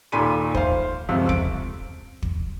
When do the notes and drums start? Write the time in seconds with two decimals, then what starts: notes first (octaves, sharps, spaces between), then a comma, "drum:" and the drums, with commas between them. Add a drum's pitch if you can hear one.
0.12 D#2 A#2 A4 B5 C6 D#7
0.55 C5 F5, drum: kick
1.09 G1 C#2 C3 F3
1.29 D7, drum: kick
2.22 drum: kick